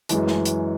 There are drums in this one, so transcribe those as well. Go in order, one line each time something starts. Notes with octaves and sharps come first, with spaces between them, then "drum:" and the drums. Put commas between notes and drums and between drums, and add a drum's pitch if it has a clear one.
F#2 E3 G#3, drum: hi-hat
drum: snare
drum: hi-hat